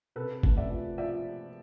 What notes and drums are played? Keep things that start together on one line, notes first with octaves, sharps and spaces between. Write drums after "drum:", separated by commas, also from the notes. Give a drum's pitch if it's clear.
C3 A4 B4
A3, drum: kick G1
D5 E5
F3
F3 D5 E5